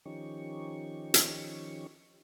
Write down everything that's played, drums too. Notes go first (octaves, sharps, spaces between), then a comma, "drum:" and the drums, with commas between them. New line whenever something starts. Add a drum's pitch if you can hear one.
D#3 F3 C#4 D#4 G4 C#6
drum: hi-hat